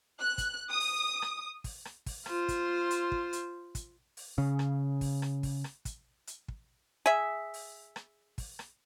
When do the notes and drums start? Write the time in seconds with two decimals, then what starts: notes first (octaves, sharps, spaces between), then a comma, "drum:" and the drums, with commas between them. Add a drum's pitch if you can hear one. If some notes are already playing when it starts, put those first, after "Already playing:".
0.21 F#6
0.38 drum: kick, hi-hat
0.70 D#6
0.80 drum: open hi-hat
1.22 drum: rim click
1.64 drum: kick, open hi-hat
1.85 drum: rim click
2.06 drum: kick, open hi-hat
2.26 F4 C5, drum: rim click
2.48 drum: kick, hi-hat
2.91 drum: hi-hat
3.12 drum: kick
3.33 drum: hi-hat
3.75 drum: kick, hi-hat
4.17 drum: open hi-hat
4.38 C#3 C#4
4.59 drum: rim click
5.01 drum: kick, open hi-hat
5.22 drum: rim click
5.43 drum: kick, open hi-hat
5.64 drum: rim click
5.85 drum: kick, hi-hat
6.27 drum: hi-hat
6.48 drum: kick
7.06 G#4 E5
7.54 drum: open hi-hat
7.96 drum: rim click
8.38 drum: kick, open hi-hat
8.59 drum: rim click